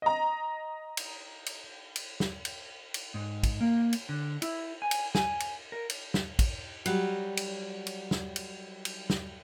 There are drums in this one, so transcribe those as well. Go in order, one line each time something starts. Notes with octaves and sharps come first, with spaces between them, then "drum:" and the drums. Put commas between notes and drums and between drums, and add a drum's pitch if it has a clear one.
D#5 A#5
drum: cymbal
drum: cymbal
drum: cymbal
drum: snare
drum: cymbal
drum: cymbal
G#2
drum: kick, cymbal
A#3
drum: cymbal
D3
E4, drum: cymbal
G#5
drum: cymbal
G#5, drum: snare
drum: cymbal
A#4
drum: cymbal
drum: snare
drum: kick, cymbal
F#3 G3, drum: cymbal
drum: cymbal
drum: cymbal
drum: snare
drum: cymbal
drum: cymbal
drum: snare